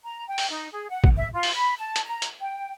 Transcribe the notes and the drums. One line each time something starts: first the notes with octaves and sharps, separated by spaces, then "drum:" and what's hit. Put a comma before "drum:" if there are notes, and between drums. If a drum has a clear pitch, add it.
A#5
G5
drum: open hi-hat
D#4
G#4
F#5
drum: kick
E5
F4
drum: open hi-hat
B5
A5
drum: hi-hat
A#5
drum: hi-hat
G5